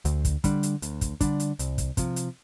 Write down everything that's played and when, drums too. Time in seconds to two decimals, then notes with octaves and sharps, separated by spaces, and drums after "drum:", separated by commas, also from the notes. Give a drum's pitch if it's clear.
0.05 D2, drum: hi-hat
0.25 drum: kick, hi-hat
0.44 D3 G3 D4, drum: kick, hi-hat
0.63 drum: hi-hat
0.82 D2, drum: hi-hat
1.01 drum: kick, hi-hat
1.21 D3 G3 D4, drum: kick, hi-hat
1.40 drum: hi-hat
1.59 C2, drum: hi-hat
1.78 drum: kick, hi-hat
1.97 C3 F3, drum: kick, hi-hat
2.16 drum: hi-hat